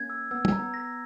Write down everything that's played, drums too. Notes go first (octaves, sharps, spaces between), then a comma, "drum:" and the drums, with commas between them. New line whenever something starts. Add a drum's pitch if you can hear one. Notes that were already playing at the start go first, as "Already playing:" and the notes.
Already playing: A#3 C#4 G#6
E6
B3 E6
C#4, drum: tom
A#5
B3
A#6